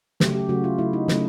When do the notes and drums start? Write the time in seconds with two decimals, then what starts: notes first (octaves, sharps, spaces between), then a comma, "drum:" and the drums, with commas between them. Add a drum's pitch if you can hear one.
0.20 C#3 F#3 A3 G4, drum: snare
0.35 G4
0.49 C#3 F#3 A3 F#4
0.64 F4
0.79 C#3 F#3 A3 E4
0.93 D#4
1.08 C#3 F#3 A3, drum: snare